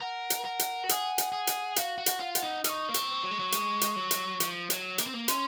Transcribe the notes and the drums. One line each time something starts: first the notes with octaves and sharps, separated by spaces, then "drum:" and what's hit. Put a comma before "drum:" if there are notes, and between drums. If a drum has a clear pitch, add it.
A#4 F#5
drum: hi-hat
A#4
drum: hi-hat
F#4
G#4, drum: hi-hat
drum: hi-hat
G#4
drum: hi-hat
F#4 F5, drum: hi-hat
F#4
F#5, drum: hi-hat
F4
F#5, drum: hi-hat
D#4
D#4 C#6 F6, drum: hi-hat
A#3
C4, drum: hi-hat
F#3
G#3
F#3
G#3, drum: hi-hat
drum: hi-hat
F#3
drum: hi-hat
F3, drum: hi-hat
F#3, drum: hi-hat
A#3, drum: hi-hat
C4
A#3
C#4 C6, drum: hi-hat